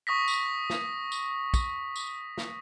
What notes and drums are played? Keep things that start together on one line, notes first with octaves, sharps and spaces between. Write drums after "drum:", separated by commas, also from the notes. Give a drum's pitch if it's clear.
C#6 D#6 A#6 B6
drum: tambourine
drum: snare
drum: tambourine
drum: kick, tambourine
drum: tambourine
drum: snare